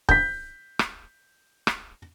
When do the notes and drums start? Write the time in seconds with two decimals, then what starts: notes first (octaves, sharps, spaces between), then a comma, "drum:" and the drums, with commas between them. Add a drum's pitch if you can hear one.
0.09 G6 B6, drum: kick
0.79 drum: rim click
1.67 drum: rim click